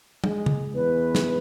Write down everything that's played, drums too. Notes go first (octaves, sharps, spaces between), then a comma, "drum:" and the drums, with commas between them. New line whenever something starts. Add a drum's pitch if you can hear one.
G#3, drum: tom
drum: tom C#3
E2 B4
drum: snare